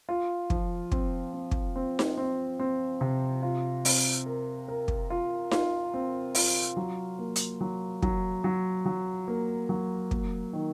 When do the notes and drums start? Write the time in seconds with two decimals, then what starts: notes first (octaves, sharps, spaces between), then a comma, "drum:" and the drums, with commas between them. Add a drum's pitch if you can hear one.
0.09 F4
0.50 F3, drum: kick
0.92 C4, drum: kick
1.33 C4
1.51 drum: kick
1.76 C4
1.99 drum: snare D#4
2.17 C4
2.59 C4
3.01 C3
3.43 F4
3.85 C4, drum: open hi-hat
4.26 A#4
4.68 A#4
4.88 drum: kick
5.10 F4
5.51 F4, drum: snare D#4
5.94 C4
6.35 F4, drum: open hi-hat
6.77 F#3
7.19 A#3
7.36 drum: hi-hat
7.61 F#3
8.02 F#3, drum: kick
8.44 F#3
8.86 F#3
9.28 A#3
9.69 F#3
10.11 A#3, drum: kick
10.53 D#3